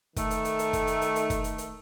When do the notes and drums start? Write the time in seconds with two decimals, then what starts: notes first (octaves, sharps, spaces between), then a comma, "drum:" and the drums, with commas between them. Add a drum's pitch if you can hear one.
0.16 D#3 A3, drum: kick, hi-hat
0.31 drum: hi-hat
0.45 drum: hi-hat
0.59 drum: hi-hat
0.73 drum: kick, hi-hat
0.87 drum: hi-hat
1.02 drum: hi-hat
1.16 drum: hi-hat
1.30 drum: kick, hi-hat
1.44 drum: hi-hat
1.58 drum: hi-hat